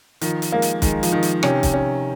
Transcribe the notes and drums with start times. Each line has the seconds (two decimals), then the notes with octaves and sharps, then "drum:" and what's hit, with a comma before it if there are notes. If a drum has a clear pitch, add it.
0.21 D#3 F3, drum: hi-hat
0.42 drum: hi-hat
0.52 G#3 A#3
0.62 drum: hi-hat
0.82 D#3 G#3, drum: kick B1, hi-hat
1.03 F3, drum: hi-hat
1.12 D#3
1.23 drum: hi-hat
1.43 C3 C#4, drum: rim click
1.63 drum: kick B1, hi-hat
1.74 C#4